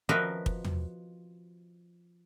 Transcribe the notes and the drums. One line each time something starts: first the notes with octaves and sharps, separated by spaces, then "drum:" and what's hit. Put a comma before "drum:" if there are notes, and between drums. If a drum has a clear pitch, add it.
F3 F#4 A#4 B4 D#5 E5
drum: kick
drum: tom